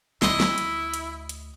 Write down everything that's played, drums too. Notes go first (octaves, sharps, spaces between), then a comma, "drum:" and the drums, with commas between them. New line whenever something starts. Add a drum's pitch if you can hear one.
D2 E4 D#5 C6, drum: snare
drum: snare
drum: hi-hat
drum: hi-hat
drum: hi-hat